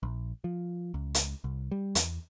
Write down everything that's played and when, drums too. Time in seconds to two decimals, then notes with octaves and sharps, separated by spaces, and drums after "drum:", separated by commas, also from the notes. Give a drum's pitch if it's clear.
0.03 A#1
0.44 F3
0.94 C#2
1.14 drum: hi-hat
1.44 C2
1.71 G3
1.95 E2, drum: hi-hat